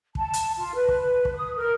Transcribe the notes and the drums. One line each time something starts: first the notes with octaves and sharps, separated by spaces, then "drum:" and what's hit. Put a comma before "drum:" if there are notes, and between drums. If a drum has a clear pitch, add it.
A5, drum: kick
drum: hi-hat
F4
B4
drum: kick
drum: kick
D#6
A#4